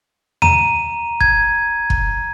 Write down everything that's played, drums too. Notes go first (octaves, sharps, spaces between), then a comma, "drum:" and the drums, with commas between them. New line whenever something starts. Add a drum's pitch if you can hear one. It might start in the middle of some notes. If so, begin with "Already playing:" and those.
A#5 D#7, drum: tom D#2
G#6, drum: kick
drum: kick